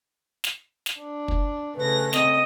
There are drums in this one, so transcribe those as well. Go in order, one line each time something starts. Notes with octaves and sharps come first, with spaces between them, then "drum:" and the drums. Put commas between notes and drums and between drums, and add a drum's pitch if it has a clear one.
drum: snare
drum: snare
D4
drum: kick
C#3 A3 B4 A#6
C4 D#5, drum: snare